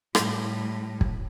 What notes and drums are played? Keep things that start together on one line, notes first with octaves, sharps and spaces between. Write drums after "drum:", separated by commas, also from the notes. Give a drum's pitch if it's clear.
A2 G3, drum: rim click
drum: kick